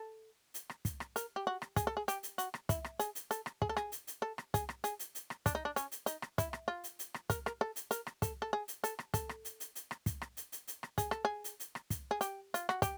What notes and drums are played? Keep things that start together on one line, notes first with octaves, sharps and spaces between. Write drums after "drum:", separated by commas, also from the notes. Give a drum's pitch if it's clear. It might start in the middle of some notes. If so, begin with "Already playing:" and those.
Already playing: A4
drum: hi-hat
drum: rim click
drum: kick, hi-hat
drum: rim click
A#4, drum: hi-hat
G4
F#4
drum: rim click
G#4, drum: kick, hi-hat
A4
G#4
G4, drum: hi-hat
drum: hi-hat
F#4, drum: hi-hat
drum: rim click
E4, drum: kick, hi-hat
drum: rim click
G#4, drum: hi-hat
drum: hi-hat
A4, drum: hi-hat
drum: rim click
G#4, drum: kick
A4
G#4, drum: rim click
drum: hi-hat
drum: hi-hat
A4
drum: rim click
G#4, drum: kick, hi-hat
drum: rim click
G#4, drum: hi-hat
drum: hi-hat
drum: hi-hat
drum: rim click
D4, drum: kick, hi-hat
D#4
D4
C#4, drum: hi-hat
drum: hi-hat
D#4, drum: hi-hat
drum: rim click
E4, drum: kick, hi-hat
drum: rim click
F4
drum: hi-hat
drum: hi-hat
drum: rim click
A#4, drum: kick, hi-hat
A#4, drum: rim click
A4
drum: hi-hat
A#4, drum: hi-hat
drum: rim click
A4, drum: kick, hi-hat
A4
G#4
drum: hi-hat
A4, drum: hi-hat
drum: rim click
A4, drum: kick, hi-hat
drum: rim click
drum: hi-hat
drum: hi-hat
drum: hi-hat
drum: rim click
drum: kick, hi-hat
drum: rim click
drum: hi-hat
drum: hi-hat
drum: hi-hat
drum: rim click
G#4, drum: kick, hi-hat
A4, drum: rim click
G#4
drum: hi-hat
drum: hi-hat
drum: rim click
drum: kick, hi-hat
G#4
G4, drum: hi-hat
F4, drum: hi-hat
F#4, drum: rim click
G4, drum: kick, hi-hat